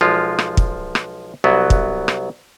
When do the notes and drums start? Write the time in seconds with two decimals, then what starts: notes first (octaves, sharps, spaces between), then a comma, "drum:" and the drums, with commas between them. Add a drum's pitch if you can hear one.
0.01 B1 F3 G#3 F4
0.39 drum: rim click
0.57 drum: kick
0.95 drum: rim click
1.44 C2 F#3 B3
1.70 drum: kick
2.08 drum: rim click